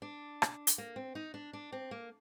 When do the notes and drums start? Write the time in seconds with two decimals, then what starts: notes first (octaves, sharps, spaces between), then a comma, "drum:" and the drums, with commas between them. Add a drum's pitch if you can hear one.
0.02 D4
0.42 drum: rim click
0.67 drum: hi-hat
0.78 A#3
0.96 C4
1.15 D#4
1.34 D4
1.53 D4
1.72 C4
1.91 A#3